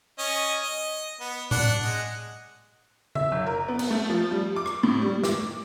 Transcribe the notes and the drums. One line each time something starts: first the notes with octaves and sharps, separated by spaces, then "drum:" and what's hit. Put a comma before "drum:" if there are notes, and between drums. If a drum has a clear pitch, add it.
C#4 D#5
D#5
B3
D4 F#5, drum: tom A2
G#3 F#5
E5, drum: tom C#3
F#1
A#4
B3
drum: cymbal
A3
F3
G3
D6
drum: rim click
A2
G3
D6, drum: snare